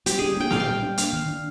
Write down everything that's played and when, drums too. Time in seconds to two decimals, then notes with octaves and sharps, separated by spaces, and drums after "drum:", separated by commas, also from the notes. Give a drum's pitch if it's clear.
0.06 G3 G4, drum: hi-hat
0.19 D4 G#4
0.37 A#3 G5
0.51 A#2 F5, drum: snare
0.60 G5
0.68 G3
0.82 D4
0.98 A#3 F5, drum: hi-hat
1.12 D#3
1.28 D4